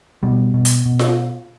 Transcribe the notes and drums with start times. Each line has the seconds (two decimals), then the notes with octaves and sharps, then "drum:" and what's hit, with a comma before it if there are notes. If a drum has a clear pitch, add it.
0.23 B2 G3
0.54 B2
0.65 drum: hi-hat
0.86 B2
0.99 drum: snare F4